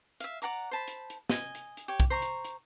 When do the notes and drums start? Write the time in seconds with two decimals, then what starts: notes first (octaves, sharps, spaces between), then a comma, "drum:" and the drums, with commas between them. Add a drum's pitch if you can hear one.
0.20 E5 F5, drum: hi-hat
0.42 D5 F#5 A#5 D6, drum: hi-hat
0.71 C5 A5 B5
0.88 drum: hi-hat
1.10 drum: hi-hat
1.29 D#5 G#5, drum: snare
1.55 drum: hi-hat
1.77 drum: hi-hat
1.88 G4 C#5
2.00 drum: kick B1, hi-hat
2.10 C5 A#5 C#6
2.22 drum: hi-hat
2.44 drum: hi-hat